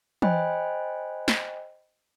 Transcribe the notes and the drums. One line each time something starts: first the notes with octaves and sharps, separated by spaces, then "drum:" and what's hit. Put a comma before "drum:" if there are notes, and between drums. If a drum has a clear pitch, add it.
C5 D#5 G5 G#5 B5 F#6, drum: tom E3
drum: snare